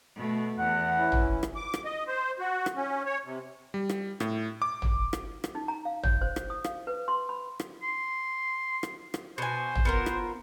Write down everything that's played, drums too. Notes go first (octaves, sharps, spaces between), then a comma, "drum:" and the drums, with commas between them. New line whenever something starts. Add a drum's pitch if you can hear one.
B2 A3
E2 F#5
E3 C#4 E4
drum: tom
drum: rim click
D6
drum: rim click
D#5
C5
F#4
drum: rim click
C#4
C#5
C3
G3
drum: rim click
A2, drum: rim click
D6
drum: tom
drum: rim click
drum: rim click
D#4
A#5
F5
C#5, drum: tom
C5
drum: rim click
D#6
F5, drum: rim click
B4
C6
B5
drum: rim click
C6
drum: rim click
drum: rim click
B2 C5 G#5
drum: tom
B3 F4 A#4
drum: rim click